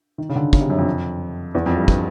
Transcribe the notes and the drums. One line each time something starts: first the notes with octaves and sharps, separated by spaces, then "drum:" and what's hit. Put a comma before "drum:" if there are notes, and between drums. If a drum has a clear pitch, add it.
D#3
C#3
D3
C#3, drum: kick
C3
F#2
F2
E2
F2
G2
drum: kick